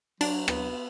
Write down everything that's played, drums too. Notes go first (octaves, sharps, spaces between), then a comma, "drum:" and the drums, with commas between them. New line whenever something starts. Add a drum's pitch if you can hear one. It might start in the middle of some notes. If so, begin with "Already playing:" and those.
F#3 D4, drum: cymbal
B3, drum: rim click